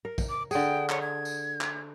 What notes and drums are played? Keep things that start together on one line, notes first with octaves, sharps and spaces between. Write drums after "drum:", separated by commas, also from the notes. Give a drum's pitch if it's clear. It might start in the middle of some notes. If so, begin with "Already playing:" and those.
A#4
drum: kick, tambourine
D6
D3 G#4 G5, drum: tambourine
C#5, drum: clap
G#6
drum: tambourine
drum: clap